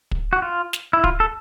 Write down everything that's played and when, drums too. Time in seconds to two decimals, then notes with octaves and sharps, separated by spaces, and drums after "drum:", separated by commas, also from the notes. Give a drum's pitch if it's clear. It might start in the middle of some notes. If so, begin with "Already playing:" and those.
0.11 drum: kick
0.33 F#4
0.42 F4
0.73 drum: snare
0.93 E4
1.04 F4, drum: kick
1.20 A4